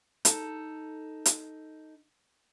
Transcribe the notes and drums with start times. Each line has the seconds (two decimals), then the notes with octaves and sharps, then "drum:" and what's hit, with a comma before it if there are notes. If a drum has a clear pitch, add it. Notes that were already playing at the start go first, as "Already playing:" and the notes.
0.25 D#4 A4, drum: hi-hat
1.26 drum: hi-hat